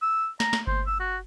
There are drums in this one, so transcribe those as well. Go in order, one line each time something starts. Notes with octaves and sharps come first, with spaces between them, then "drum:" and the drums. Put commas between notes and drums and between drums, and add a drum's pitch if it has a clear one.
E6
A#5, drum: snare
drum: snare
C5, drum: kick G1
E6
F#4